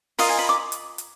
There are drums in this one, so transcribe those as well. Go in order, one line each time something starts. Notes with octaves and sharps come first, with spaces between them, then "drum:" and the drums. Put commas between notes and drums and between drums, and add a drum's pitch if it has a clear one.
F4 A#4 D#5 F5, drum: open hi-hat
G#5
B5
D6
drum: hi-hat
drum: hi-hat